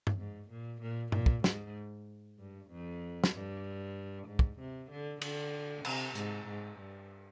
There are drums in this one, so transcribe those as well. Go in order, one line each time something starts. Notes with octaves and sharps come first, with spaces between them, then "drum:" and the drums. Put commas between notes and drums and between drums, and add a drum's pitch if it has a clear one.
drum: tom G2
G#2
A#2
A#2
A#2, drum: tom G2
drum: kick
G#2, drum: snare
G2
F2
drum: snare
G2
G#2
drum: kick
C3
D3
D3, drum: cymbal
C3, drum: cymbal
G#2, drum: hi-hat
G#2
G2